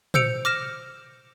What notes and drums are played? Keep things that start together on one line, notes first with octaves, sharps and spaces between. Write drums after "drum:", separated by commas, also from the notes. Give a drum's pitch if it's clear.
C5 E6 G6 C#7 D7 F7, drum: tom
D6 F6 A#6 E7